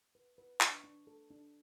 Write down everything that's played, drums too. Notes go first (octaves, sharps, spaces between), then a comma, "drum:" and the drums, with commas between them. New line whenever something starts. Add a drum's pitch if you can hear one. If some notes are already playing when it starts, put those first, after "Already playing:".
B4
B4
D4 C#6, drum: clap
D4
A4
D4